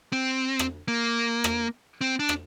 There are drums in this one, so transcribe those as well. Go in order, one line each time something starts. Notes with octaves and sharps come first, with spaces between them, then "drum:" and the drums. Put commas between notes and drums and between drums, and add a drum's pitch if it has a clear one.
C4
drum: rim click
A#3
drum: rim click
C4
D4
drum: rim click